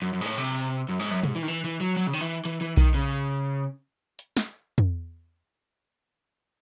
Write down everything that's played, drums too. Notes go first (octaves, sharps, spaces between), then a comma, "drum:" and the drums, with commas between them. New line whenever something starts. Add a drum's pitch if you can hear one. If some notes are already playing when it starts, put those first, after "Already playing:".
F#2
F#2
G#2
A2
C3
F#2
G#2
F#2
G#2, drum: tom
E3
D#3
E3
E3, drum: hi-hat
F#3
F#3
C#3
D#3
E3
E3, drum: hi-hat
E3
D#3, drum: kick B1
C#3
drum: hi-hat
drum: snare
drum: tom